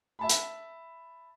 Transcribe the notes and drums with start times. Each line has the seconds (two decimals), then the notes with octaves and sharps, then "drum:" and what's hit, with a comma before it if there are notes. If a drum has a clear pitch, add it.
0.19 E5 A5 B5
0.29 drum: hi-hat